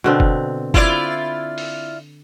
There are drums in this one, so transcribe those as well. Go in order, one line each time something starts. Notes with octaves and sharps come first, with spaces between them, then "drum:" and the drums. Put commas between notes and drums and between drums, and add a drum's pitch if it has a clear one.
B2 D3 C4
drum: kick F#1
E4 F4 C5 D5, drum: kick F#1
drum: open hi-hat